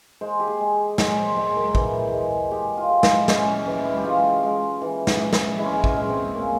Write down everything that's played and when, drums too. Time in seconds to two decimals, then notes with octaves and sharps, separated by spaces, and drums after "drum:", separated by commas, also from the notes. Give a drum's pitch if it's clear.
0.21 G#3 C5
0.40 G4
0.47 G#4
0.61 G#3
0.98 G#3 C#5, drum: snare
1.18 C5
1.37 G#3 C5
1.56 A#4
1.75 E3, drum: kick
2.13 G#3
2.51 G#3 G4
2.77 F4
2.89 G#3
3.03 E4, drum: snare
3.28 G#3 C#4, drum: snare
3.48 C#4
3.66 E3 C#4
3.85 E4
3.97 G4
4.05 G#3 F4
4.43 G#3
4.81 E3
5.07 drum: snare
5.20 E3
5.33 drum: snare
5.58 G#3 E4
5.66 C#4
5.74 E4
5.84 C#4, drum: kick
5.97 G#3
6.10 C4
6.35 A#2 C#4